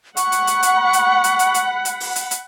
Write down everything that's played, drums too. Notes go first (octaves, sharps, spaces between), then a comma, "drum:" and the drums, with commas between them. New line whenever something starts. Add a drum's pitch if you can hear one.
F#5 B5 C#6, drum: hi-hat
drum: hi-hat
drum: hi-hat
drum: hi-hat
drum: hi-hat
drum: hi-hat
drum: hi-hat
drum: hi-hat
drum: hi-hat
drum: open hi-hat
drum: hi-hat
drum: hi-hat